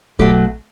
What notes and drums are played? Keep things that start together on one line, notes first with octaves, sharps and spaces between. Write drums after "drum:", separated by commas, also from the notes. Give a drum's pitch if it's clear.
B2 F#3 A3 G4, drum: kick A#1